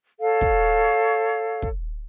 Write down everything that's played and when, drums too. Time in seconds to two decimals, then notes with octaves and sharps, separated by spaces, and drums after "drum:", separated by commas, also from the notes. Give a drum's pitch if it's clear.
0.21 A4 C#5 F5
0.41 drum: kick
1.62 drum: kick